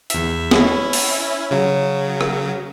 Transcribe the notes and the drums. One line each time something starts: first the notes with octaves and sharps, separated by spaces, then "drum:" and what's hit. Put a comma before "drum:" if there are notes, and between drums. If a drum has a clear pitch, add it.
E2 E5, drum: hi-hat
C#4 E4, drum: snare
drum: open hi-hat
C#3 F#3
drum: rim click